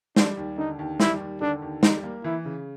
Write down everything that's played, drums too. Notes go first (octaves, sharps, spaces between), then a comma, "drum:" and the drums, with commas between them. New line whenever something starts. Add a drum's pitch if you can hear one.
G3 D4, drum: snare
D#2
D3 D#4
D#2
G3 E4, drum: snare
D#2
D3 D4
D#2
G3 D#4, drum: snare
A#3
E3 E4
C#3